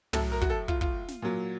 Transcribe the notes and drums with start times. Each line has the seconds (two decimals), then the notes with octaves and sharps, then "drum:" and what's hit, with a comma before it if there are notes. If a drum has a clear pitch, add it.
0.13 A2 F#3 A4, drum: tom
0.32 A#4
0.41 F#4, drum: kick
0.50 A4
0.68 F4, drum: kick
0.81 F4, drum: kick
1.08 drum: snare
1.22 A#2 F#3